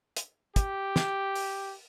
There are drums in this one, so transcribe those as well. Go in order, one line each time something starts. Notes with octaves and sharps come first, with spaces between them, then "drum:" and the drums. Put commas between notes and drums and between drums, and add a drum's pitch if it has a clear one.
drum: hi-hat
G4, drum: kick, hi-hat
drum: snare
drum: open hi-hat